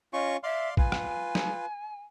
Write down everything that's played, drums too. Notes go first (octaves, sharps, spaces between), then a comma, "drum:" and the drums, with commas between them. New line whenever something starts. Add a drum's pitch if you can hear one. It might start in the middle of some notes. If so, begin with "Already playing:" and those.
C#4 F4 D#5 C#6
D5 E5 F5 C6
F4 B4 G#5, drum: kick
drum: rim click
drum: snare